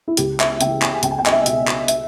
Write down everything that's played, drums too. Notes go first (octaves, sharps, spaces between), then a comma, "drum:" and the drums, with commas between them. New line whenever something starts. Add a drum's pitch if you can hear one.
E4
C#2 G4, drum: hi-hat
E5, drum: clap
C#3 E3 G5, drum: hi-hat
G#5, drum: clap
C#2 G5, drum: hi-hat
G#5
G5
D#5, drum: clap
E5
B2, drum: hi-hat
drum: clap
E5, drum: hi-hat